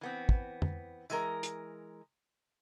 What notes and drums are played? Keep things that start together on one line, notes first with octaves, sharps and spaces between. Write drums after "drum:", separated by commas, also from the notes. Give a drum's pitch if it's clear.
E3 B3 C4
drum: kick
drum: tom F2
E3 G#3 A#4, drum: tambourine
drum: hi-hat